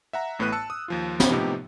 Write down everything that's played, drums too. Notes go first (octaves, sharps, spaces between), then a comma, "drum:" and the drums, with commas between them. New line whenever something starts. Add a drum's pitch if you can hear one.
E5 F#5 A#5
A1 A2 B3 B4 F#6 D#7
A5 E6 F#6 C#7
D#6
D#2 F3 F4
drum: snare
A2 C3 F3 B3 D#4 G4